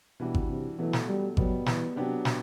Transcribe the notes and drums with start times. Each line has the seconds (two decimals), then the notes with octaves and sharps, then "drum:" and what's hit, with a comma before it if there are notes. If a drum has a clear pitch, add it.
0.20 B2 E3 G3 D4 F#4
0.35 drum: kick G#1
0.49 C3
0.78 B2 E3 F#3 A3
0.93 drum: snare
1.08 G3
1.37 B2 F#3 G3 B3, drum: kick G#1
1.66 E3, drum: snare
1.96 C3 F#3 B3 D4 G4
2.25 drum: snare